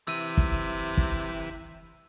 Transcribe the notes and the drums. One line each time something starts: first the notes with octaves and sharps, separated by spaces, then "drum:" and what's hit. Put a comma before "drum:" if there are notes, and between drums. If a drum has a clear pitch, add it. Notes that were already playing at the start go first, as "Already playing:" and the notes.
C3 E3 E6 D#7
drum: kick F#1
drum: kick F#1